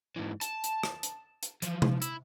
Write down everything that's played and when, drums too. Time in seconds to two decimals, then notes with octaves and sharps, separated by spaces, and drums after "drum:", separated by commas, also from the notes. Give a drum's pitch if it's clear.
0.16 G#2 E3
0.41 A5, drum: hi-hat
0.64 drum: hi-hat
0.83 drum: rim click
1.03 drum: hi-hat
1.43 drum: hi-hat
1.62 E3 F3, drum: hi-hat
1.82 drum: tom C3
2.02 E4, drum: hi-hat